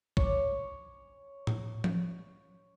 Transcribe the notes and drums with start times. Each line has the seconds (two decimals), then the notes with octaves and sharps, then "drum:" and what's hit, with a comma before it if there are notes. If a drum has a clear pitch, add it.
0.17 C#5 D6, drum: kick
1.47 drum: tom A2
1.84 drum: tom F3